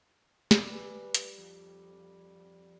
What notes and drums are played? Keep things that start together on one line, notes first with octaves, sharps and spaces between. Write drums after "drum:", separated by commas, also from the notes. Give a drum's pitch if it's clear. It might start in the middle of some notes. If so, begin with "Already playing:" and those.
G3, drum: snare
B4 G#5
drum: hi-hat
F2